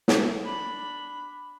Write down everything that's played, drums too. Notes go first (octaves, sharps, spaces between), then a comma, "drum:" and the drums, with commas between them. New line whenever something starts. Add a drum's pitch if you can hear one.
drum: snare
D4 B5